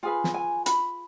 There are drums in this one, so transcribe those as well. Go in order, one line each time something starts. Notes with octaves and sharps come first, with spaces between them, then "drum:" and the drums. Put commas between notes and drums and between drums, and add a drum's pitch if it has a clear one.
F4 G#4 B4 G#5
drum: snare
G#5
B5, drum: hi-hat